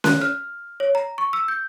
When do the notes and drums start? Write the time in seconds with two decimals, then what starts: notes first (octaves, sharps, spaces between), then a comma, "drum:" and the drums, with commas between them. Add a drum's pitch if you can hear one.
0.04 F#6, drum: snare C#4
0.21 F6
0.80 C#5
0.95 A#5
1.18 C#6
1.33 E6
1.48 G6